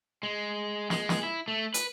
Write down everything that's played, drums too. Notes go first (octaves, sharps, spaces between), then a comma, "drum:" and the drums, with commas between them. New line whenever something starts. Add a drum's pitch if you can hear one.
G#3
G#3, drum: snare
drum: snare
E4
A3
B4, drum: hi-hat